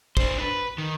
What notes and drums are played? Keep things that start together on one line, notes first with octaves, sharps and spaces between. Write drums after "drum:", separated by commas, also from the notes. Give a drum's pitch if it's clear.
D4 C5, drum: kick
B4
D#3